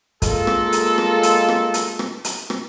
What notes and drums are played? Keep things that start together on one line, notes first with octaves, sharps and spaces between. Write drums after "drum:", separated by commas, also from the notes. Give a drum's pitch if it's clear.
G#3 A#3 F4 A4, drum: kick, hi-hat
drum: rim click
drum: hi-hat
drum: rim click
drum: hi-hat
drum: rim click
drum: hi-hat
drum: rim click
drum: hi-hat
drum: rim click